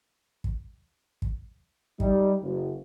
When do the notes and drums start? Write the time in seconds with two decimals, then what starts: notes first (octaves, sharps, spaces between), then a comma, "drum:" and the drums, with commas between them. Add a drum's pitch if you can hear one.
0.44 drum: kick
1.22 drum: kick
2.00 G3 D#4, drum: kick
2.41 F#1